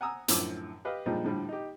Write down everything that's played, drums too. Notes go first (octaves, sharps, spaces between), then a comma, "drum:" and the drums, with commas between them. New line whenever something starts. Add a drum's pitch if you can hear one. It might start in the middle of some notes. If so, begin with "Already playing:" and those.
F#5 G#5 A#5 D#6 E6
F#2 A2 D3 F3 D6 E6, drum: hi-hat
G4 B4 D#5 F5
G2 A#2 F3 G3 G#3 D#4
A2 D3 F3 G3
D#4 G4